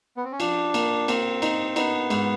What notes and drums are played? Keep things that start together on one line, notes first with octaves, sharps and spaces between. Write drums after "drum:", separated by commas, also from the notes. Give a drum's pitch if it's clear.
B3
C4
C#4
F3 D4, drum: cymbal
A#3, drum: cymbal
A#3 C4, drum: cymbal
D#4, drum: cymbal
B3 D#4, drum: cymbal
G#2, drum: cymbal